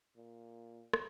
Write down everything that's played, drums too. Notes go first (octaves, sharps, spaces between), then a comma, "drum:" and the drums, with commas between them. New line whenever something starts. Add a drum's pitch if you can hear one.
A#2
drum: rim click